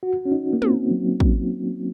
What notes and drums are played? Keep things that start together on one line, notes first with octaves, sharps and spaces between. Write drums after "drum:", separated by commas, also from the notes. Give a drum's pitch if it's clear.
F#4
C#4
D#4
A#3
C4, drum: tom
F#3
drum: kick